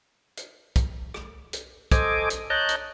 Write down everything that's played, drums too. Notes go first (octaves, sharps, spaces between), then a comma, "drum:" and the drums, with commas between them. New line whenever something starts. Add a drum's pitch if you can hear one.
drum: hi-hat
drum: kick, hi-hat
drum: rim click
drum: hi-hat
A4 C5 D#5 G#5 D6, drum: kick, hi-hat
drum: hi-hat
C#5 D#5 A5 A#5 F#6 G6
drum: hi-hat